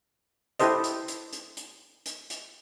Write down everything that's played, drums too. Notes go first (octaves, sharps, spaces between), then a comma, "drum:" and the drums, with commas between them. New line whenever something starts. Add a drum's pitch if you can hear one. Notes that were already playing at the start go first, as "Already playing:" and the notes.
E4 G4 A4 C5 D#5, drum: hi-hat
drum: hi-hat
drum: hi-hat
drum: hi-hat
drum: hi-hat
drum: hi-hat
drum: hi-hat